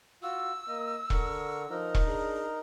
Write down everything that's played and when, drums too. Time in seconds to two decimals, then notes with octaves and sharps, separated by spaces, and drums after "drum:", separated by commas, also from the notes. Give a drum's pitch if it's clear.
0.23 F4 F#4 E6
0.68 A#3 D#5
1.10 D3 A#4 C#6, drum: kick E1
1.70 F3 D#4 A#4
1.95 drum: kick E1
2.06 D4 G#4